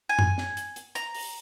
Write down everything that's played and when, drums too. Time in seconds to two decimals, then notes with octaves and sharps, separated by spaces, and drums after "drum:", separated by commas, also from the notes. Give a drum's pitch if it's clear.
0.09 G#5
0.19 drum: tom F#2
0.38 drum: snare
0.57 drum: hi-hat
0.76 drum: hi-hat
0.95 A#5, drum: hi-hat
1.14 drum: open hi-hat